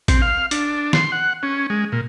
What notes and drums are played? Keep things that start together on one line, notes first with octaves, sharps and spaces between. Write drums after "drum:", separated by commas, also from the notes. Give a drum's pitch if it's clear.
C4, drum: kick A1, hi-hat
F5
D4, drum: hi-hat
C6, drum: snare
F#5
C#4
G#3
A#2